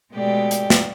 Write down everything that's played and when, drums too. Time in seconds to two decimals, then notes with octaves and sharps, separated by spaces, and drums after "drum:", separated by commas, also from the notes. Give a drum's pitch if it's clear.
0.12 B2 G#3 A3 G4 D5
0.51 drum: hi-hat
0.70 drum: snare